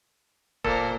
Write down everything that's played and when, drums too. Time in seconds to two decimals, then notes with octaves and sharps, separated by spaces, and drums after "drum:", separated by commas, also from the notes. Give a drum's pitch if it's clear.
0.65 A#2 A#3 A4 C5, drum: kick